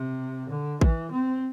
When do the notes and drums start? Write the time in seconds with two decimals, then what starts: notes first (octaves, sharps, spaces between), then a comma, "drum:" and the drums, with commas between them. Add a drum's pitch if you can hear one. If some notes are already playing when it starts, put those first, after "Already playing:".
Already playing: C3
0.50 D3
0.81 E3, drum: kick
1.11 C4